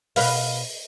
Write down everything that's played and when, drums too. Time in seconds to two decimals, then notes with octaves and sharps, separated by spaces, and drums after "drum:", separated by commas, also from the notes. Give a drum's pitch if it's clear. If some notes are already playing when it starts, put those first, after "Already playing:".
0.16 B2 B4 F5, drum: open hi-hat